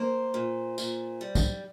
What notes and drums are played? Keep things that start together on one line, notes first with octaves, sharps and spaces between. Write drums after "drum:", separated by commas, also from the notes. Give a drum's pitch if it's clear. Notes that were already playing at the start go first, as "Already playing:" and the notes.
Already playing: A#3 C5
A#2
A#2, drum: tambourine
G3
drum: kick, tambourine